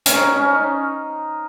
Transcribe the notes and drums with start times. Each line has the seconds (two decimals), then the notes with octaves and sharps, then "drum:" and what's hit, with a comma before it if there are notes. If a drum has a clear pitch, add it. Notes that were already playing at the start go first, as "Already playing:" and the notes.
0.06 C#4, drum: hi-hat
0.15 D#4
0.35 C#4
0.55 D#4